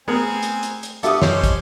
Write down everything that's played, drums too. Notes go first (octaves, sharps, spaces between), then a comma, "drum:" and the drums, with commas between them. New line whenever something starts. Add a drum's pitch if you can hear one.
A3 B3 C4 G#4 A#4 G#5
drum: hi-hat
drum: hi-hat
drum: hi-hat
B3 D4 G4 A4 E5 F#5 D6 D#6, drum: hi-hat
F#2 C#4 G4 C5 C#5 D#5, drum: snare
drum: kick, hi-hat